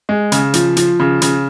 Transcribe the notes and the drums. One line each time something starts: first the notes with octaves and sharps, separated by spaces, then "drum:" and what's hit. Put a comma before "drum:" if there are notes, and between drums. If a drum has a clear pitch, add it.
G#3
C#3, drum: hi-hat
F3, drum: hi-hat
F3, drum: hi-hat
C#3
C#3, drum: hi-hat